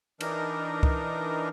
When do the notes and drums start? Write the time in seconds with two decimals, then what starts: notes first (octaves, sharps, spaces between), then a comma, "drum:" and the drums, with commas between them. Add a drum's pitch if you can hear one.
0.21 E3 D4 D#4 A#4, drum: cymbal
0.83 drum: kick